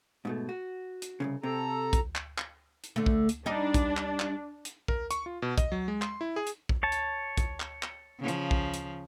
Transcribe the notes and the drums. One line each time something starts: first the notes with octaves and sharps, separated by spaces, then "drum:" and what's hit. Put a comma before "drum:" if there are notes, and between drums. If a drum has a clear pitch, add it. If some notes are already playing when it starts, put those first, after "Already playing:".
G#2 B2 A3
F#4
drum: hi-hat
C2 F2 C#3
C3 C4 A4 A#5
drum: kick A#1, hi-hat
drum: clap
drum: clap
drum: hi-hat
D3 A3
drum: kick A#1
drum: hi-hat
G3 D4 D#4
drum: kick A#1, hi-hat
drum: clap
drum: clap
drum: hi-hat
A#4, drum: kick A#1
C#6, drum: hi-hat
F4
B2
D#5, drum: kick A#1, hi-hat
F#3
G#3
C6, drum: clap
E4
G#4
drum: hi-hat
drum: kick A#1
C#5 A5
drum: hi-hat
drum: kick A#1, hi-hat
drum: clap
drum: clap
C#3 F3
drum: hi-hat
drum: kick A#1
drum: hi-hat